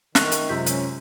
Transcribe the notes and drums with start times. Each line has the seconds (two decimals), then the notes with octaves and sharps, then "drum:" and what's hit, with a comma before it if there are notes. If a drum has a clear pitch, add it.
0.15 D#3 E5 C#6 F#6 F7, drum: snare
0.32 drum: hi-hat
0.49 F#2 C3 G#3 F4 G6 B6
0.66 C#4, drum: hi-hat